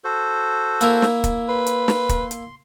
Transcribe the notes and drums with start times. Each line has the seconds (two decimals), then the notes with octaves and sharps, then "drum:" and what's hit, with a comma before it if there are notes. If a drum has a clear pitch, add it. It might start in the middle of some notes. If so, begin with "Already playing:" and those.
0.04 F#4 A4 C5
0.81 A#3 E4 A#4, drum: hi-hat
1.02 drum: snare
1.24 drum: kick, hi-hat
1.49 B4 C6
1.66 drum: hi-hat
1.88 drum: snare
2.09 drum: kick, hi-hat
2.31 drum: hi-hat